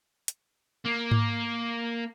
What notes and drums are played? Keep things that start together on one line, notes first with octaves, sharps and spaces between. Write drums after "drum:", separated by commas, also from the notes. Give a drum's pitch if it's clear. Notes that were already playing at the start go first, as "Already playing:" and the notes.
drum: hi-hat
A#3
drum: tom G#2